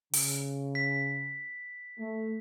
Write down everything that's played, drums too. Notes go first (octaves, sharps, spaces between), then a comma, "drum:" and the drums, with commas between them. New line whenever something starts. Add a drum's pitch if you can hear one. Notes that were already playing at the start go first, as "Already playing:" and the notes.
C#3, drum: open hi-hat
B6
A3